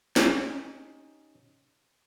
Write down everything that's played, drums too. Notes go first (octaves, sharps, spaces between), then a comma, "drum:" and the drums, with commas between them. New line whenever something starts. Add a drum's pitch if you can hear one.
C#4 D#4 G4, drum: snare